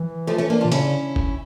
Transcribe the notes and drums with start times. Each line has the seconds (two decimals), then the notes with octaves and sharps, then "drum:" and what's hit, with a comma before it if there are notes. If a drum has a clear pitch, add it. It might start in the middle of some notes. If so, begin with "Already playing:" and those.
Already playing: E3
0.27 F3 A3
0.38 A3 C#4
0.50 A#3 D4
0.61 D4 F4
0.65 A#2
0.72 C#3 C#4 E4, drum: hi-hat
1.16 drum: kick F1